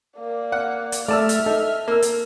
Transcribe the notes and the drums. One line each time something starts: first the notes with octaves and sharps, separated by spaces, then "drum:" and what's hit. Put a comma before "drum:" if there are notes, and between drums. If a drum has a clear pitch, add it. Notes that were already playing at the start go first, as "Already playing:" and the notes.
A#3 D5
F5 F#5
drum: hi-hat
A3 A4 D5 E5 A5 E6 F6
drum: hi-hat
D#4 A4
A#3 A#4 E6
drum: hi-hat